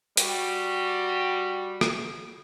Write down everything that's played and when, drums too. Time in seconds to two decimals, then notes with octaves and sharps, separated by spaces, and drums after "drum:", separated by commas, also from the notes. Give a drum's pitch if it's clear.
0.17 G3 F#4, drum: hi-hat
1.81 drum: rim click